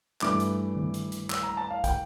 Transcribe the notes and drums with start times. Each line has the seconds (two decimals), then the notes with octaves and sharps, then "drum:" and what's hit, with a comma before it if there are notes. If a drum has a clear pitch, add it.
0.21 G2 E3 A3 D4 D6, drum: clap
0.40 drum: hi-hat
0.76 drum: tom D#3
0.94 drum: hi-hat
1.12 drum: hi-hat
1.30 E6, drum: clap
1.43 A#5
1.57 A5
1.70 F5
1.84 G5, drum: kick, hi-hat